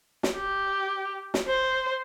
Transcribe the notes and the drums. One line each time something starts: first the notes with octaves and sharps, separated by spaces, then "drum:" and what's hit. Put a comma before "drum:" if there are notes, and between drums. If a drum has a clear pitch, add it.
drum: snare
G4
drum: snare
C5